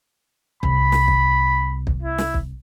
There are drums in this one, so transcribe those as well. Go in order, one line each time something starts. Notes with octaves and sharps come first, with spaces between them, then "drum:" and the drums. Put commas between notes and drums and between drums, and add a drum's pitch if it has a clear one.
C2 B5, drum: kick
drum: snare
drum: kick
drum: kick
E4
drum: snare
drum: kick